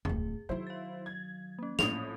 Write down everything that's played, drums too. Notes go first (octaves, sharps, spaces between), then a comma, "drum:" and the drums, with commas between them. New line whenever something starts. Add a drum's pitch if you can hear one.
D1 C#2 G#4, drum: tom F2
D#3 F#3 E4 C5
F5 A6
G#6
A#3 C#4
A#1 A2 F#3 D#6 F7, drum: snare